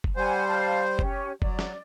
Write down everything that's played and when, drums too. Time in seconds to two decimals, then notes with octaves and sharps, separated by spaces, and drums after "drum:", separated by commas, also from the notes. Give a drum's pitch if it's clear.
0.04 drum: kick F#1
0.16 G3 C5 F#5 G#5
0.47 F5 A5
0.99 C#4 G4 C#5, drum: kick F#1
1.42 F#3 D5, drum: kick F#1
1.59 drum: snare